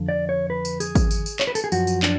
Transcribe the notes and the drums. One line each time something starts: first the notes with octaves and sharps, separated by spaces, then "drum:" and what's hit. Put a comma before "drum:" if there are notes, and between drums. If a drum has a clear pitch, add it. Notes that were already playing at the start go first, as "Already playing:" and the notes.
Already playing: F2 D3 F3
D5
C#5
B4
drum: tambourine
G#4, drum: tambourine
drum: kick, tambourine
drum: tambourine
drum: tambourine
C#5, drum: clap
B4
A4, drum: tambourine
G#4
F#2 F3 F#4, drum: tambourine
drum: tambourine
D4, drum: clap